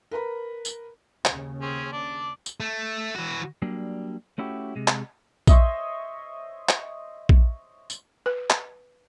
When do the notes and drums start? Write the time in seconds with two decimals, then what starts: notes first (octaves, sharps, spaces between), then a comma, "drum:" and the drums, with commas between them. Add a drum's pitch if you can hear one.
0.11 A#4 B4 A#5 B5
0.65 drum: tambourine
1.25 D#2 C#3, drum: clap
1.61 C4 C#4 G#4
1.92 D4 D5
2.46 drum: tambourine
2.60 A3
3.15 E3 F#4
3.62 F#3 G3 A#3 D4
4.38 A3 C#4 E4 F#4 G4
4.76 C3 G#3
4.88 drum: clap
5.47 C5 C#5 D#5 E5, drum: kick A#1, tambourine
6.69 drum: clap
7.29 drum: kick A#1
7.90 drum: tambourine
8.26 B4
8.50 drum: clap